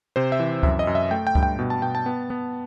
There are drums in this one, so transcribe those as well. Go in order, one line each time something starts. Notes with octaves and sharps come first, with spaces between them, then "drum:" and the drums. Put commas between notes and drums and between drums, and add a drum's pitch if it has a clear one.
C3 C5
E5
E3
F#2 E5, drum: kick C#2
D#5
F#2
E5
A3 G5
G5
G2, drum: kick C#2
G5
B2
A5
B2 G5
A5
B3
B3